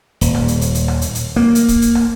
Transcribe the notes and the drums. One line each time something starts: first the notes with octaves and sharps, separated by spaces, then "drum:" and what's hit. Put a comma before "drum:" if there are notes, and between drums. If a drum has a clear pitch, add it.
D#1, drum: hi-hat
drum: rim click
drum: hi-hat
drum: hi-hat
drum: hi-hat
drum: rim click
drum: hi-hat
drum: hi-hat
A#3
drum: hi-hat
drum: kick, hi-hat
drum: hi-hat
drum: rim click